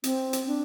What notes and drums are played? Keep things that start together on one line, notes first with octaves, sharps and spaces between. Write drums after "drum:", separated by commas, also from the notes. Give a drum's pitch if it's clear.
C4, drum: hi-hat
drum: hi-hat
D4